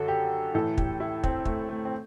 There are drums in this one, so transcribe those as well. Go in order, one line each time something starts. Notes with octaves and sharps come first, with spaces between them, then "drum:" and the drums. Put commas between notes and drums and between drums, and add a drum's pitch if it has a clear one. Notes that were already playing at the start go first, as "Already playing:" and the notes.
Already playing: F#2 D3 F#4 A4
G4
A2 E3 A4
G4, drum: kick
E4
C4, drum: kick
A3, drum: kick
A3
C4